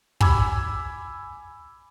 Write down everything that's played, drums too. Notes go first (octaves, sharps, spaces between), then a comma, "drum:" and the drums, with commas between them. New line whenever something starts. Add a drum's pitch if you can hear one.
G#5 B5 D6 E6 G#6, drum: kick